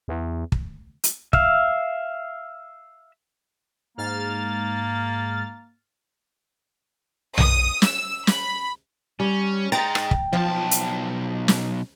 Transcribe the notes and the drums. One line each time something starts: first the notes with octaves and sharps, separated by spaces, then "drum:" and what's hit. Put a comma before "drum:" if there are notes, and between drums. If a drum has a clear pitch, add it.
E2
drum: kick
drum: hi-hat
E5 F5, drum: kick
G#2 A#3 F6 A6
D#6, drum: tom B1
E6, drum: snare
B5, drum: snare
G3 C#4
G#3 D#4 G5 A#5 A6
drum: rim click
drum: kick
B1 F3 A5
drum: hi-hat
drum: snare